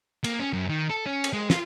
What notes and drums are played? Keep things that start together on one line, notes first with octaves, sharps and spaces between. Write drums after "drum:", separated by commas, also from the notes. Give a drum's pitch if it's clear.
A#3, drum: cymbal
C#4
F#2
D#3
A4
C#4
drum: cymbal
G#3
F4, drum: snare